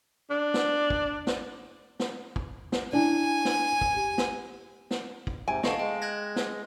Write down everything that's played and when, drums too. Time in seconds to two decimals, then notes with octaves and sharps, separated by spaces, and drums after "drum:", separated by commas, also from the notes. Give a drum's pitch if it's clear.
0.30 D4
0.54 drum: snare
0.90 drum: kick
1.27 drum: snare
2.00 drum: snare
2.36 drum: kick
2.72 drum: snare
2.93 D4 E4 G#5
3.45 drum: snare
3.81 drum: kick
3.94 G4
4.18 drum: snare
4.91 drum: snare
5.27 drum: kick
5.48 G#2 C3 G5 G#5
5.63 D3 D#5 F5 A5 C#6, drum: snare
5.79 G#3 G5
6.02 F#6 G#6 A#6
6.36 drum: snare